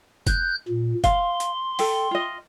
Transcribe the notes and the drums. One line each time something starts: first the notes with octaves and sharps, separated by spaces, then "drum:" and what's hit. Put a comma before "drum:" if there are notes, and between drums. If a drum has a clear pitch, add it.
F#6 G6, drum: kick, hi-hat
A#2
F5 C6, drum: kick, hi-hat
drum: hi-hat
A4 G5, drum: open hi-hat
F4 D#5